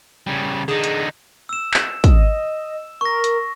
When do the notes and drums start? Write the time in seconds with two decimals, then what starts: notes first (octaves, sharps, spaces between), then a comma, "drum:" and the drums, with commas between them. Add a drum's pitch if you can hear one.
0.27 C#3 G3
0.68 D3 D#4 G#4
0.84 drum: hi-hat
1.49 E6 E7
1.74 drum: clap
2.04 D#5, drum: kick, hi-hat
3.01 A#4 C#6 A#6
3.24 drum: hi-hat